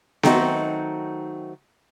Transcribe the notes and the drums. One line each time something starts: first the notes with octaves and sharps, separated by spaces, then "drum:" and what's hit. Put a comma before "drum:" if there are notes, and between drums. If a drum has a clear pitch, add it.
D#3 F#3 A3 C4 D#4 F#4, drum: snare B3